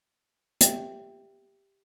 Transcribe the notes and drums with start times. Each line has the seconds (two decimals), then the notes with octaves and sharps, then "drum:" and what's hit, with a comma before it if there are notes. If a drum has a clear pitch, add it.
0.61 G4 E5 G5, drum: hi-hat